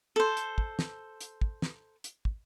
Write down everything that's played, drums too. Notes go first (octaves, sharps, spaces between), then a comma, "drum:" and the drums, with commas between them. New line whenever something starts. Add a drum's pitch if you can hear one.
A4 C5
drum: hi-hat
drum: kick
drum: snare
drum: hi-hat
drum: kick
drum: snare
drum: hi-hat
drum: kick